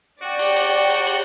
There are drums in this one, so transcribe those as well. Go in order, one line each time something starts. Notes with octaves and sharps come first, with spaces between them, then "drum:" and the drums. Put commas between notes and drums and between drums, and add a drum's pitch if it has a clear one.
F#4 D5 G5
drum: cymbal
drum: cymbal
drum: cymbal
drum: cymbal